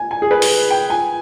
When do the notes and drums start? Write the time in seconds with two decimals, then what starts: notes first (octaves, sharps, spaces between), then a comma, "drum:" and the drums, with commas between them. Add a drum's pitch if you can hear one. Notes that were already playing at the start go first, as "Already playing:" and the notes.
Already playing: G#5
0.11 G#5
0.22 G#4
0.31 B4
0.42 drum: open hi-hat
0.70 G5
0.90 G#5